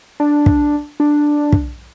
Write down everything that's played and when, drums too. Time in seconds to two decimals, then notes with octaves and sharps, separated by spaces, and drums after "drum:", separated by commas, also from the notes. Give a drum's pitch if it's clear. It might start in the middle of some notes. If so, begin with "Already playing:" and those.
0.20 D4
0.46 drum: kick
1.00 D4
1.52 drum: kick